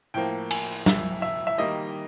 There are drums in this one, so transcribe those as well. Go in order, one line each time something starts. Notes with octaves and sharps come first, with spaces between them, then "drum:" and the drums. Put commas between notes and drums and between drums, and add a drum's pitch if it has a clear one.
A2 F3 A#3 G5
G#5, drum: cymbal
E5, drum: snare
E5
E5
D#3 G3 A#3 D#5